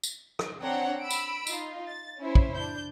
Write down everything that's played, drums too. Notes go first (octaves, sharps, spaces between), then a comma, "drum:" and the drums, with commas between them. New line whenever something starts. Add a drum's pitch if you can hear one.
drum: tambourine
drum: rim click
C4 D4 C#5 F#5 G5 A#5
B5 E6 D7
drum: tambourine
D#4 F4, drum: tambourine
A6
C#4 E4 C5
drum: kick
D4 G6